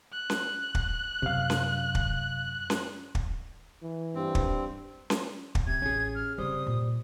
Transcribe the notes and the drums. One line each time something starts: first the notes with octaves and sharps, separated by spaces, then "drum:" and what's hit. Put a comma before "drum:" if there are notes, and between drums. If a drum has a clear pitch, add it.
F#6
drum: snare C#4
drum: kick
F#2 C3 F5
drum: snare C#4
drum: kick
drum: snare C#4
drum: kick
E3
G2 C4
drum: kick
drum: snare C#4
drum: kick
C3 G#6
A1 C#4 G#4
F6
C#3 G3 C4 C5 D#6
A#2